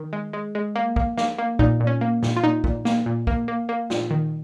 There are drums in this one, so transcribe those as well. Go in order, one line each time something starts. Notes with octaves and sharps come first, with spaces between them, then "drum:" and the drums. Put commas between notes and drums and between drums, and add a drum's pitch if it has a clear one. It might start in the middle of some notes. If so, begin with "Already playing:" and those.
Already playing: D#3
G#3
G#3
G#3
A#3
A#3, drum: kick
A#3, drum: snare
A#3
A#2 D#4, drum: kick
A#2
C#4
A#3
A#2, drum: snare
F4
A#2 D#4
A#2, drum: kick
A#3, drum: snare
A#2
A#3, drum: kick
A#3
A#3
A#2, drum: snare
D#3